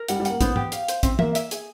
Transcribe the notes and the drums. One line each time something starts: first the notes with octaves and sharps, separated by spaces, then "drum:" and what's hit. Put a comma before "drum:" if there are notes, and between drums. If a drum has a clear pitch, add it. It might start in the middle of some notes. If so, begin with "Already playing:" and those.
Already playing: A#4
G3 F#5, drum: hi-hat
G3
F#5, drum: hi-hat
A#3
B3 C5, drum: kick, hi-hat
G4, drum: tom
F5, drum: hi-hat
C5, drum: hi-hat
C4 E5, drum: kick, hi-hat
A#3 E5, drum: tom
E5, drum: hi-hat
G#4, drum: hi-hat